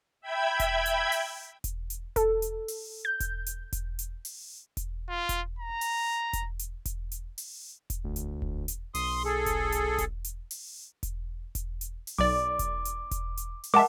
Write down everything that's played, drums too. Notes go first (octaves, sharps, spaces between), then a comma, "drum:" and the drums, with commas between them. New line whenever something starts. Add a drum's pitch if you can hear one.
E5 G5 B5 G#6
drum: kick E1, hi-hat
drum: hi-hat
drum: open hi-hat
drum: kick E1, hi-hat
drum: hi-hat
A4, drum: kick E1, hi-hat
drum: hi-hat
drum: open hi-hat
G6
drum: kick E1, hi-hat
drum: hi-hat
drum: kick E1, hi-hat
drum: hi-hat
drum: open hi-hat
drum: kick E1, hi-hat
F4
drum: kick E1, hi-hat
A#5
drum: open hi-hat
drum: kick E1, hi-hat
drum: hi-hat
drum: kick E1, hi-hat
drum: hi-hat
drum: open hi-hat
drum: kick E1, hi-hat
D2
drum: hi-hat
drum: kick E1
drum: hi-hat
B1 C6 D#6, drum: open hi-hat
G#4 A4
drum: kick E1, hi-hat
drum: hi-hat
drum: kick E1, hi-hat
drum: hi-hat
drum: open hi-hat
drum: kick E1, hi-hat
drum: kick E1, hi-hat
drum: hi-hat
drum: open hi-hat
B1 D5 D6
drum: kick E1, hi-hat
drum: hi-hat
drum: kick E1, hi-hat
drum: hi-hat
drum: open hi-hat
G#3 A#4 E5 F#5 A5 D6